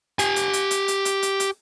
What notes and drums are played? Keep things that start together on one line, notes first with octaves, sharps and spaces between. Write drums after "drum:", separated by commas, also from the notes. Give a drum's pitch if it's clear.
G4 G#5, drum: hi-hat
drum: hi-hat
drum: hi-hat
drum: hi-hat
drum: hi-hat
drum: hi-hat
drum: hi-hat
drum: hi-hat